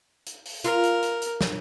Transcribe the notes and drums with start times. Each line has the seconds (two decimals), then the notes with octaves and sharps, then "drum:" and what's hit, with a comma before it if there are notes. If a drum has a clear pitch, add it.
0.26 drum: hi-hat
0.45 drum: open hi-hat
0.64 F4 A#4, drum: hi-hat
0.83 drum: hi-hat
1.02 drum: hi-hat
1.22 drum: hi-hat
1.41 drum: snare